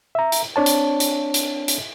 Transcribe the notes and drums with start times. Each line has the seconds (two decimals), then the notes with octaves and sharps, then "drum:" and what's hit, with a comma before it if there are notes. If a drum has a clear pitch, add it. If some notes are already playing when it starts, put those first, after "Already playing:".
0.15 E5 A#5
0.32 drum: hi-hat
0.56 C4 D4 C#5 A5
0.66 drum: hi-hat
1.00 drum: hi-hat
1.34 drum: hi-hat
1.68 drum: hi-hat